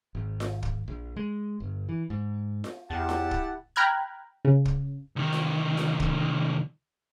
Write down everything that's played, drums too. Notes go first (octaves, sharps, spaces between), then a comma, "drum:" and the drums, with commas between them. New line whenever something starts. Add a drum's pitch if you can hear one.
G#1
drum: snare F4
drum: kick
A#1
G#3
G1
E3
G#2
drum: snare F4
E2 E4 G4 F#5 A5
drum: snare F4
drum: kick
G5 A#5 B5 F6 F#6 G#6
C#3
drum: kick
C2 D#3
drum: snare F4
drum: snare F4
drum: kick